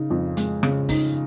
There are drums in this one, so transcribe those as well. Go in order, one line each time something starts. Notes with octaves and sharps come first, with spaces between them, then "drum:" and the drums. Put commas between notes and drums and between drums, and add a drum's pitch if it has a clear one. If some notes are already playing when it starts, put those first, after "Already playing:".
Already playing: C#3 D#4
F2
G#3, drum: hi-hat
C#3, drum: rim click
D#4, drum: kick, open hi-hat